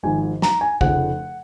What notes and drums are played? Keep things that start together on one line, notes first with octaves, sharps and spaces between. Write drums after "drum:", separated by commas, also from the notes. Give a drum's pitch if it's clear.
G#1 G#2 F3 G#5
A#5, drum: snare
G#5
F1 F2 C#3 F3 F#5, drum: kick